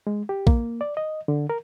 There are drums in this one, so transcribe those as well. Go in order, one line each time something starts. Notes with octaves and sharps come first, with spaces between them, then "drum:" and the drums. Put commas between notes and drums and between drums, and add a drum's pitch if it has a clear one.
G#3
G4
A#3, drum: kick A#1
D5
D#5
D3
A#4